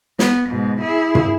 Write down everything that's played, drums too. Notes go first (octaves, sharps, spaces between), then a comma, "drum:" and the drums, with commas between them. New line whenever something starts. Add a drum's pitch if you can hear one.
B3, drum: snare
G#2 B2
E4 G#4
drum: tom